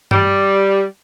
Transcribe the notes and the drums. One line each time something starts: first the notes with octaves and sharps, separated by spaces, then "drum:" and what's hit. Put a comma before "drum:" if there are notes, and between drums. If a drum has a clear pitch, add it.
G3, drum: tom G2